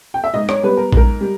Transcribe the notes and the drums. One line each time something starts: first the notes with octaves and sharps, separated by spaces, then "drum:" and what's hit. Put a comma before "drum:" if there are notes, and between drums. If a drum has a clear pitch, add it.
G5
E5
G#2 D#5
C#5, drum: rim click
G3 B3 B4
A#4
G#2 A#4, drum: kick
G3